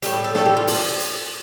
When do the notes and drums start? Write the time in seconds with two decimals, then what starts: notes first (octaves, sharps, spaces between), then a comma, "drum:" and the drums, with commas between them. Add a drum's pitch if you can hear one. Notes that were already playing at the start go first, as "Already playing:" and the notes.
0.02 A2 E3 G3 G4, drum: hi-hat
0.14 A4
0.24 A4
0.35 A2 E3 G3 A4, drum: snare
0.45 G4
0.57 F4
0.67 drum: open hi-hat
1.00 drum: hi-hat